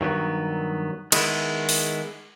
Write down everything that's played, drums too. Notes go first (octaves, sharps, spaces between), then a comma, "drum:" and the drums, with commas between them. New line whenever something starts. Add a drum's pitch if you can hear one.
G2 D#3 F#3 B3
D#3 G#3 B3 E4, drum: cymbal
drum: open hi-hat